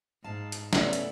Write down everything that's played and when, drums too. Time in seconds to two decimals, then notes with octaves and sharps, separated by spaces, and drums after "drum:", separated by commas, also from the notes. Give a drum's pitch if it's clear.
0.24 G#2 F5 A5
0.52 drum: hi-hat
0.73 C#3 A3 B3 C#4 E4 A4 D5, drum: snare
0.93 drum: hi-hat